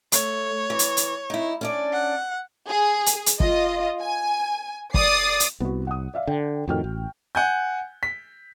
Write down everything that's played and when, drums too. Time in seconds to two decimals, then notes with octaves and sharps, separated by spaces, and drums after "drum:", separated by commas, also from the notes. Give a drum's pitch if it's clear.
0.12 A3 C#5, drum: hi-hat
0.70 E3
0.79 drum: hi-hat
0.97 drum: hi-hat
1.30 D#4 E4
1.61 C#4 D4 D5
1.93 F#5
2.69 G#4
3.06 drum: hi-hat
3.26 drum: hi-hat
3.40 F4 D#5, drum: kick
4.02 G#5
4.94 D5 D6 D#6 A6 C7, drum: kick
5.40 drum: hi-hat
5.60 C2 B3 F#4
5.87 F#5 D#6
6.14 D5 E5 F5
6.27 D3 G5
6.68 F2 A2 D#3 F#4 G5 F6
6.84 A1
7.35 F#5 G#5 G6
8.03 B6